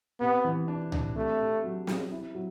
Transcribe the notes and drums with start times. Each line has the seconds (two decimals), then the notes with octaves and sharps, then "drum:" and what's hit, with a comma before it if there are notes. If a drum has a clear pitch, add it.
0.20 C3 B3
0.45 E3
0.68 D4
0.92 D4, drum: tom C#2
1.15 C3 A3
1.39 C3
1.64 F#3
1.87 C3, drum: snare
2.11 E4
2.35 F#3